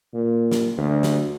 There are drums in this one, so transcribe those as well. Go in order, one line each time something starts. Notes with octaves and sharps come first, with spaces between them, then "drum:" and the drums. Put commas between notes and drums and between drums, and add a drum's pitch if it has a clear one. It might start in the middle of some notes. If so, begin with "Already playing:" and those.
A#2
drum: snare
D2
drum: snare